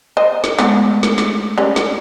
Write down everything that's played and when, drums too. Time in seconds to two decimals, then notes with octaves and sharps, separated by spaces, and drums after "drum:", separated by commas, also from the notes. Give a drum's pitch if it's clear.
0.17 C5 D#5
0.44 drum: snare
0.59 G#3 A3 B3, drum: snare
1.03 drum: snare
1.18 drum: snare
1.58 G3 C#4
1.76 D5, drum: snare